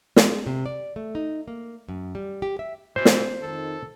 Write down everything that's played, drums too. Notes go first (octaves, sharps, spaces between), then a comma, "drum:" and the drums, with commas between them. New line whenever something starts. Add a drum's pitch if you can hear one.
G#3, drum: snare
C3
D5
A3
D#4
A#3
F#2
G3
G4
E5
B2 E3 C5
drum: snare
F2 D#3 A4